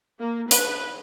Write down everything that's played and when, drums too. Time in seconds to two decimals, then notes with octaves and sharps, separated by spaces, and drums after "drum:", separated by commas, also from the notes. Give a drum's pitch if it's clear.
0.20 A#3
0.51 B4, drum: hi-hat